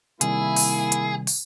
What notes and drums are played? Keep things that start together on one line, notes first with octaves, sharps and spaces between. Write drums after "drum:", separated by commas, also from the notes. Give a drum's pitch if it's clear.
C3 D#3 G3 A#3 E4 G#4, drum: hi-hat
drum: open hi-hat
drum: hi-hat
drum: open hi-hat